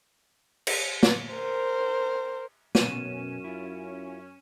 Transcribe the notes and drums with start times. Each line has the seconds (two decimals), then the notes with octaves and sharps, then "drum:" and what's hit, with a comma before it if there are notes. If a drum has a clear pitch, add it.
0.67 drum: cymbal
1.03 drum: snare
1.34 A#4 C5
2.75 F#2 B2 B3 C#4 D#7 E7, drum: snare
3.44 E4 F4